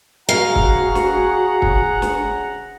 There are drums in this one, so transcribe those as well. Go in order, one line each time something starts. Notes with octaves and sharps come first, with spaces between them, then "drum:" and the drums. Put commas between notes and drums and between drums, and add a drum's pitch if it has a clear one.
C#3 F#4 G#4 F5 F#5 A#5
drum: kick
drum: snare
drum: kick
drum: snare